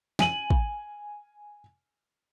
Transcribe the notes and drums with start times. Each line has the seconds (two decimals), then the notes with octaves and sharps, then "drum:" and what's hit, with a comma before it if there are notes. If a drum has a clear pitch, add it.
0.19 G#5 D#7 F#7, drum: snare
0.50 drum: kick